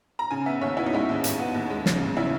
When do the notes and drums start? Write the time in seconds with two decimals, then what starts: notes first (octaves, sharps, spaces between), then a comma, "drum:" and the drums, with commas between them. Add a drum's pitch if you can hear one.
0.19 A#5
0.31 C#3 G#5
0.46 B3 E5
0.61 D#2 C#5
0.77 B3 E4
0.86 D#4
0.93 G#3 E4
1.09 D#2
1.24 D#2, drum: hi-hat
1.39 B3
1.54 D#2
1.70 G#3
1.86 C#3, drum: snare
2.01 D#2
2.17 C#3 E4